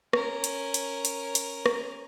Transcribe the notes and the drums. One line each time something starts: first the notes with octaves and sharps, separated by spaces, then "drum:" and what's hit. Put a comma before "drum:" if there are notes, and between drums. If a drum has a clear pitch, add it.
C#4 A#4, drum: rim click
drum: hi-hat
drum: hi-hat
drum: hi-hat
drum: hi-hat
drum: rim click